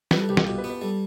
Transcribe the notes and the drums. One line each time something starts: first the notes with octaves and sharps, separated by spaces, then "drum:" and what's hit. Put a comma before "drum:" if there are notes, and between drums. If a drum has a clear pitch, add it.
G3 B4, drum: snare
A4
C2 G4
F4, drum: snare
B2 G4
B4
B3
B4
G3 A4